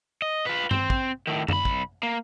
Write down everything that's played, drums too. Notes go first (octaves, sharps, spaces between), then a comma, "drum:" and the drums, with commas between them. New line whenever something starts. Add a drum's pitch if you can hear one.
D#5
F4 B4
C4, drum: tom G2
drum: kick
A2 D#3
C2 B5, drum: tom F#2
drum: kick
A#3